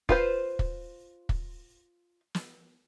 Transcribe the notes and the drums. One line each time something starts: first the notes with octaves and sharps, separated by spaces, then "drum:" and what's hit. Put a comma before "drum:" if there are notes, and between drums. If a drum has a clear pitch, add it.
F4 B4 C5, drum: kick
drum: kick
drum: kick
drum: snare